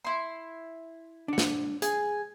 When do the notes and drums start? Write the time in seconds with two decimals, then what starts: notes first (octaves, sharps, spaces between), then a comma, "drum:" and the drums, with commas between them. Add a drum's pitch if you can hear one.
0.05 E4 C6
1.28 D4 F#5
1.38 drum: snare
1.82 G#4 G#5, drum: hi-hat